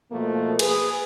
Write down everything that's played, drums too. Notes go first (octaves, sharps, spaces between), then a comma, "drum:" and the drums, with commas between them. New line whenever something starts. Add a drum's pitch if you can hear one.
G#2 B2 F3 A3 A#3
G#4 B4, drum: cymbal